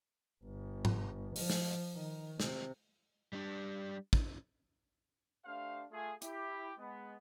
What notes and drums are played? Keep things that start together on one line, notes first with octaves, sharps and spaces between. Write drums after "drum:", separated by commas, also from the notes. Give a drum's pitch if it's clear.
G1
drum: tom G#2
F3, drum: open hi-hat
drum: snare
D#3
C3, drum: snare
G3 D4
drum: kick
A3 D4 G4 C5 F5
A3 F4 G#4
E4 G4, drum: hi-hat
G#3 B3